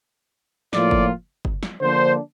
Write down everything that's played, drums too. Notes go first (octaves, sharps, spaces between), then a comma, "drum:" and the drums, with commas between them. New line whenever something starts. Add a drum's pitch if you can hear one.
A2 F3 A#3 F4 D5, drum: snare
drum: kick F#1
drum: kick F#1
drum: snare
D3 F3 A#3 D4 C5